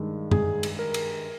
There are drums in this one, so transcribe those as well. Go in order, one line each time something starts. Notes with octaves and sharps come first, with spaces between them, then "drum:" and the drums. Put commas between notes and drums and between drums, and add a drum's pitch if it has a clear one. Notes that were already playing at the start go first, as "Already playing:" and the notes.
Already playing: G2 D#3 G#3
G#4, drum: tom F#2
drum: cymbal
A#4
drum: cymbal